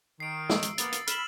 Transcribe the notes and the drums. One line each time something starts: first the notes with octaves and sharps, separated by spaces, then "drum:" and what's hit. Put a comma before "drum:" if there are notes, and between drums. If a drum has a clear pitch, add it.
D#3 C7 D7
E6, drum: snare
drum: hi-hat
A#3 B3 A6, drum: hi-hat
drum: hi-hat
B5 E6 F6 E7 F#7, drum: hi-hat